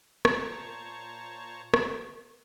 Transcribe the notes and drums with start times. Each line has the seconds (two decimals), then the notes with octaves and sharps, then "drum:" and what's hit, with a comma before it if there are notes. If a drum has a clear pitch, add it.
0.25 A#2 C5 C#5 A5 A#5 C#6, drum: rim click
1.74 drum: rim click